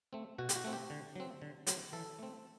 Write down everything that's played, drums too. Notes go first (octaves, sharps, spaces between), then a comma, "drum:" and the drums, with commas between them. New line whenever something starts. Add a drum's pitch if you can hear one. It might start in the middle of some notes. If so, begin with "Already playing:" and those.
A3 C4
B2 F#4
G4, drum: hi-hat
F#4
A3 C4
G4
D3
F#3 C4
D3
F#3 C4, drum: hi-hat
E3 A4
A3 C4